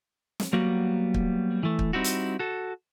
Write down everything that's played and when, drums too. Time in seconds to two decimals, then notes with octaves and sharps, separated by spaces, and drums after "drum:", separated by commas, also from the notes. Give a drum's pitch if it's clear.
0.40 drum: snare
0.53 F#3 G3 A#3 B3 F#4
1.14 drum: kick
1.63 E3 A3
1.79 drum: kick
1.93 G3 C4 D#4 E4 F#4
2.04 drum: hi-hat
2.39 F#4 A4